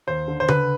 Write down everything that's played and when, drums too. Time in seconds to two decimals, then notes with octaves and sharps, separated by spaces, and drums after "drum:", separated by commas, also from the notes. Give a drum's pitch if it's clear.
0.07 D#2 C5
0.28 D3
0.40 C5
0.48 D3 B4, drum: tom C#3